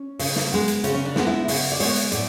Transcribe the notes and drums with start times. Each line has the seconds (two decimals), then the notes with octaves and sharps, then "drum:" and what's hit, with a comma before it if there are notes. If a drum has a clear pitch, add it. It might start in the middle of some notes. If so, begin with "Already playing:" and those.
Already playing: C#4
0.19 C#3, drum: open hi-hat
0.36 drum: snare
0.52 G#3 B3
0.68 drum: hi-hat
0.84 C#3 C#4, drum: hi-hat
0.94 C#4
1.05 D4
1.16 G#3 B3, drum: snare
1.27 E4
1.48 C#3, drum: open hi-hat
1.72 D5
1.80 G#3 B3 C#5, drum: open hi-hat
1.96 drum: hi-hat
2.12 A2 D5, drum: hi-hat